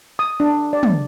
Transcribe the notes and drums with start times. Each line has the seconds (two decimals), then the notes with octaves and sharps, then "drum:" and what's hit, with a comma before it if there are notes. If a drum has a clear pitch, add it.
0.19 D#6
0.40 D4
0.73 D5
0.83 drum: tom